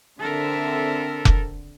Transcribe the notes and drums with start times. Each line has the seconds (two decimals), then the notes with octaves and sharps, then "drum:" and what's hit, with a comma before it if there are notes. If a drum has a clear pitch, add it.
0.19 D3 C4 A4 A#4 E5
1.25 drum: kick F1